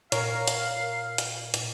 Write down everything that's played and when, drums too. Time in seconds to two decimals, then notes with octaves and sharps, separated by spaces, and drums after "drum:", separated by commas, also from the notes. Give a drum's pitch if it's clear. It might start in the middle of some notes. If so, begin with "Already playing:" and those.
0.12 A#2 A#4 C#5 F5, drum: hi-hat
0.48 drum: hi-hat
1.18 drum: hi-hat
1.54 drum: hi-hat